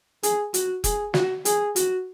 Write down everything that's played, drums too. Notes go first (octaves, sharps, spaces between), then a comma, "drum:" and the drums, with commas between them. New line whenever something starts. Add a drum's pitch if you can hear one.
G#4, drum: hi-hat
F#4, drum: hi-hat
G#4, drum: kick F1, hi-hat
F#4, drum: snare
G#4, drum: hi-hat
F#4, drum: hi-hat